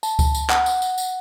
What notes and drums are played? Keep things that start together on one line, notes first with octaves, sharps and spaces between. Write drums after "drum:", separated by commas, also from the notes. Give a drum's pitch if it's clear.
A5, drum: tambourine
drum: kick C#2, tambourine
drum: tambourine
F#5, drum: clap
drum: tambourine
drum: tambourine
drum: tambourine